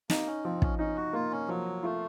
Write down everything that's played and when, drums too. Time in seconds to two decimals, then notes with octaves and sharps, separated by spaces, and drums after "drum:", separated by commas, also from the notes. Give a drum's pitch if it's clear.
0.10 A#3 D#4, drum: snare
0.26 C#4
0.44 F3 C4
0.62 C#4, drum: kick
0.79 C#4 D#4
0.96 F#4
1.13 A#3 F4
1.31 C#4
1.49 F3 F#3
1.83 A3 F4